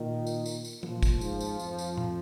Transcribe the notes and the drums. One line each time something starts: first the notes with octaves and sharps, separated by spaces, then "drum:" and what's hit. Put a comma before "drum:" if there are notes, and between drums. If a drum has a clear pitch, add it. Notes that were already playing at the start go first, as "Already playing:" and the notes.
Already playing: A#2 D#3
drum: tambourine
drum: tambourine
drum: tambourine
A#2 F3, drum: tom
drum: kick, tambourine
G#2, drum: tambourine
drum: tambourine
F2, drum: tambourine
drum: tambourine
drum: tom A2